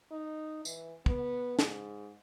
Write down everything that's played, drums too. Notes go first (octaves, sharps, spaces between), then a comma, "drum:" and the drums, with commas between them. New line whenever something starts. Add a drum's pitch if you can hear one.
D#4
E3, drum: tambourine
B3, drum: kick
G#2, drum: snare